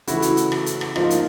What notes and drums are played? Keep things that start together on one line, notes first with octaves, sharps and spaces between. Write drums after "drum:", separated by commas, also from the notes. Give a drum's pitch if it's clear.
C#3 E3 A3 E4 F#4, drum: hi-hat
drum: hi-hat
drum: hi-hat
drum: rim click
drum: hi-hat
drum: rim click
G#2 F3 A#3 D#4 F4, drum: rim click
drum: hi-hat